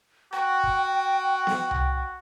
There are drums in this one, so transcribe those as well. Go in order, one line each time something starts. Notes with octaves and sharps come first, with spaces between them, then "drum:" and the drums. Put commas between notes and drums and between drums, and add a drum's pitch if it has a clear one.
F#4 G5, drum: rim click
drum: kick
drum: snare B3
drum: tom C2